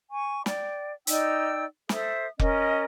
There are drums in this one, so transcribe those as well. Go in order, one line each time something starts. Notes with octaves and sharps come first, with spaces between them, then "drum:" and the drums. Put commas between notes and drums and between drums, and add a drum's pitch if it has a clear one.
G#5 C#6
D5 G5, drum: snare
D#4 D5 G5 E6, drum: hi-hat
A4 C5 E5 D#6, drum: snare
C#4 A#4 D#5, drum: kick F1